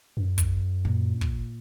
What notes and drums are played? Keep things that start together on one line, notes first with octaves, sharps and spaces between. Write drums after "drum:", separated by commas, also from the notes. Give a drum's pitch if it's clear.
F#2
drum: kick, hi-hat
A#2
drum: kick